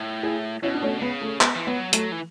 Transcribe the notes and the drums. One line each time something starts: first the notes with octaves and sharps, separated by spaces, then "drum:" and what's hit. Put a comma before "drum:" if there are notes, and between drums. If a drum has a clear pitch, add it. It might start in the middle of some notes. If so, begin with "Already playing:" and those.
Already playing: A2
E4 G#4
B2 C#4 E4
D4
A3 C#4
D3
C#3 B3
A3
B3, drum: clap
E3
F#3 B3
F#3 A3, drum: hi-hat
E3